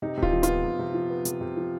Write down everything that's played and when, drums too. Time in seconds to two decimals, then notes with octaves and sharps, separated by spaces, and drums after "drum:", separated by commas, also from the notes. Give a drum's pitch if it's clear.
0.02 C3 D#4
0.17 C3
0.23 F4, drum: kick D1
0.33 F3
0.43 F4, drum: hi-hat
0.48 B3
0.64 C3
0.79 C3
0.94 F3
1.10 B3
1.25 C3, drum: hi-hat
1.41 C3
1.57 F3